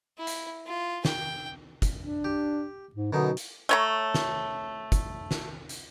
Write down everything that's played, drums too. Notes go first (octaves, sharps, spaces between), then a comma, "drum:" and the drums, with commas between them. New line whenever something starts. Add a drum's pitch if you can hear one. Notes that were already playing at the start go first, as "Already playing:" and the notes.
E4
drum: hi-hat
F4
G5, drum: snare
drum: kick, hi-hat
D4
G4
G#2
F#2 B2 D3 D#4
drum: hi-hat
A3 C#5 A#5
drum: snare
drum: kick, hi-hat
drum: snare
drum: hi-hat